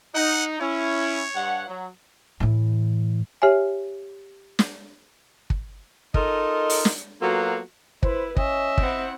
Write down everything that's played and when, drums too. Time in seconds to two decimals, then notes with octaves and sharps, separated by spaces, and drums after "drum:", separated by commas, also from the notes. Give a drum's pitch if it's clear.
0.15 D#4 F#5
0.60 C#4 E4 C#5
1.35 G2 F#5
1.68 F#3
2.40 A2 E3
3.42 G4 C#5 E5 G#5
4.59 drum: snare
5.50 drum: kick
6.14 D#4 F4 A4 A#4 D#5, drum: kick
6.70 drum: open hi-hat
6.85 drum: snare
7.22 F#3 A#3 B3 F4 F#4 A4
8.03 E4 B4 C5, drum: kick
8.37 C#4 D#5 E5, drum: kick
8.78 C4 E4 F#5, drum: kick